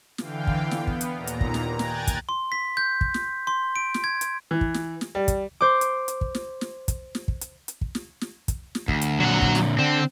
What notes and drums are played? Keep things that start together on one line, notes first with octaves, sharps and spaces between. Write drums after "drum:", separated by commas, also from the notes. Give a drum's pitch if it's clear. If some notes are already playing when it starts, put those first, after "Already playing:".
D3 E3 F5 G5, drum: snare
drum: kick
B3, drum: snare
drum: kick
drum: hi-hat
D#2 A#2 A#5
drum: hi-hat
drum: kick
drum: snare
G5 G#5 A#5 F#6 G#6 A6, drum: snare
drum: kick, hi-hat
C6
B6
G6
drum: kick
drum: snare
C6
D7
drum: snare
G#6
drum: hi-hat
E3
drum: kick
drum: snare
drum: snare
G3
drum: kick, hi-hat
C5 D6
drum: hi-hat
drum: hi-hat
drum: kick
drum: snare
drum: snare
drum: kick, hi-hat
drum: snare
drum: kick
drum: hi-hat
drum: hi-hat
drum: kick
drum: snare
drum: snare
drum: kick, hi-hat
drum: snare
D2, drum: kick
drum: hi-hat
A#2 D3 F#3 F#5
drum: kick
drum: snare
D3 C4 A4